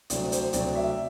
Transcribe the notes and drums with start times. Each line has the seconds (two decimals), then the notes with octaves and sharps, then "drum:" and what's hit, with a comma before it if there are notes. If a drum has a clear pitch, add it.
0.10 D2 C3 F#3 D5, drum: hi-hat
0.32 C5, drum: hi-hat
0.53 D2 C3 F#3 D5, drum: hi-hat
0.75 E5